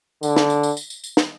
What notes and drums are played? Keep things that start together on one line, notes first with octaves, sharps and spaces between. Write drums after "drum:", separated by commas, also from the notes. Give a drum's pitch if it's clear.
D3, drum: tambourine
drum: snare
drum: tambourine
drum: tambourine
drum: tambourine
drum: tambourine
drum: tambourine
drum: snare